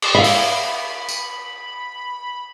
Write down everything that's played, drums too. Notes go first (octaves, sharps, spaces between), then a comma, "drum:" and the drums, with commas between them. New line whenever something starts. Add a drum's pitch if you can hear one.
drum: cymbal
E5 F5 B5
drum: open hi-hat
drum: tambourine